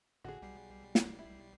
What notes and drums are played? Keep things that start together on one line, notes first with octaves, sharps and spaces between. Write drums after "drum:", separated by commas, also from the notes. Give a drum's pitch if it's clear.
G#1 A2 D3 F#4 G#4
B1 G3 C7
drum: snare
E4